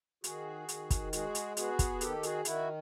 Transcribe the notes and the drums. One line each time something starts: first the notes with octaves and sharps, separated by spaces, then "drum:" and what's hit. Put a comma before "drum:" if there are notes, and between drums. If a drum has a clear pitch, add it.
D#3 F#4 G#4, drum: hi-hat
D#3, drum: hi-hat
drum: kick, hi-hat
G#3 F#4 G#4, drum: hi-hat
drum: hi-hat
B3 F#4 G#4, drum: hi-hat
drum: kick, hi-hat
D#3 G4 A4, drum: hi-hat
F#4 G#4, drum: hi-hat
D#3 E4 F#4, drum: hi-hat